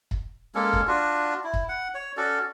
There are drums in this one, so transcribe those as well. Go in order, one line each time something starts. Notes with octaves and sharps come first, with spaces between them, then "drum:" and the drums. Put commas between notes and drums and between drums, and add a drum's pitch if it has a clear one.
drum: kick
G#3 A#3 C#4 A4
drum: kick
D4 F4 F#4
E4
drum: kick
F#5
C#5
C#4 F#4 A4 D5